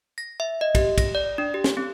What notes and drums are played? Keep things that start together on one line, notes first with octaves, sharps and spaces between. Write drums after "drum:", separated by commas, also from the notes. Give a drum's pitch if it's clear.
A#6
E5
D#5
G4, drum: kick, cymbal
A#6, drum: kick, cymbal
D5
D4
G4
drum: snare
C4